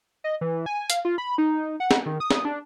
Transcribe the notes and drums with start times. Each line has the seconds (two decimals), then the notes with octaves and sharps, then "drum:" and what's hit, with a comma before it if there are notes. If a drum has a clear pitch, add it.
0.24 D#5
0.41 E3
0.66 G#5
0.90 F5, drum: hi-hat
1.05 F4
1.18 B5
1.38 D#4
1.80 F#5
1.91 drum: snare
2.06 D#3
2.20 D#6
2.31 drum: snare
2.45 D4